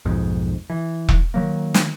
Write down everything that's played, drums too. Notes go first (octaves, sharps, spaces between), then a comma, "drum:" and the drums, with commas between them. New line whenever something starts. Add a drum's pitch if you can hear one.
B1 F2 G#2
E3
drum: kick E1
D#3 F#3 A#3
drum: snare